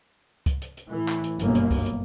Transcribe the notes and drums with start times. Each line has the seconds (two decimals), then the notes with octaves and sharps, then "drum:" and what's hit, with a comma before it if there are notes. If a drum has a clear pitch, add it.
0.46 drum: kick C#2, hi-hat
0.62 drum: hi-hat
0.77 drum: hi-hat
0.89 A2 E3
1.08 drum: clap
1.24 drum: hi-hat
1.39 G1 F#2 B2 A#3, drum: hi-hat
1.55 drum: hi-hat
1.71 drum: kick C#2, open hi-hat
1.86 drum: hi-hat